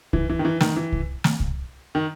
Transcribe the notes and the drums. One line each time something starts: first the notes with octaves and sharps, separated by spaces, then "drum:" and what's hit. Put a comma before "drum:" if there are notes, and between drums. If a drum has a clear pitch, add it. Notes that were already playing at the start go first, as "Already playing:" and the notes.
E3, drum: kick C2
E3
D#3
E3
D#3, drum: snare
E3
drum: kick C2
drum: snare
drum: kick C2
D#3